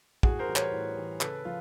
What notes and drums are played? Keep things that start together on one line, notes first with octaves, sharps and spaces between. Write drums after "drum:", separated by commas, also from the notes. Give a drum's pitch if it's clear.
A2 F#4 G#4, drum: kick
A#4 C5
E3 G3
B4 C#5, drum: clap
A2
E3 G3
C#3 A4 B4, drum: clap
F3 F4